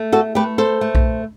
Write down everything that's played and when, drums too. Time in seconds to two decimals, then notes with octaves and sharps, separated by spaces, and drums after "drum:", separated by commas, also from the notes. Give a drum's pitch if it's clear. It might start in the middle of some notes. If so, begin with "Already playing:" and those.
Already playing: A3
0.12 F#4 A4
0.35 A3 G4 B4
0.58 A4 C5
0.81 A3
0.95 drum: kick B1